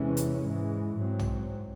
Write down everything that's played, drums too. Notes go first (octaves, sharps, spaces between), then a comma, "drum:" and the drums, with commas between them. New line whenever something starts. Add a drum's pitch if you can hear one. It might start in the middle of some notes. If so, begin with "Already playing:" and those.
Already playing: E2 C3 E3 G#3 C#4
drum: hi-hat
G#2 E3 G#3
G#2 F#3 C4
drum: tom